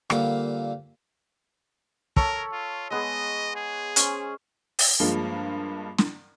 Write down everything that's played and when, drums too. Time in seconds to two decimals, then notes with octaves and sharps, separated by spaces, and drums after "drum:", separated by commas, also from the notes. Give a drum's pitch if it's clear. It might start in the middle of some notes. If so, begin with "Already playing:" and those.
0.10 A#2 D3 G3 A#3 C4, drum: rim click
2.16 A4 A#4 C#5 B5, drum: kick
2.52 F4
2.91 G#3 B3 G#4 D#5
3.56 G#4
3.96 C#4 C5, drum: hi-hat
4.79 drum: open hi-hat
5.00 G2 F3 G#3 A#3
5.98 drum: snare